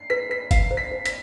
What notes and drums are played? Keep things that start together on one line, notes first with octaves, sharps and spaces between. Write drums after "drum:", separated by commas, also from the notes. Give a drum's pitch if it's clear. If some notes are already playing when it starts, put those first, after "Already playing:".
Already playing: C7
B4 B6
B4 B6
F5 C7, drum: kick, hi-hat
C5
B6
C5
B6, drum: hi-hat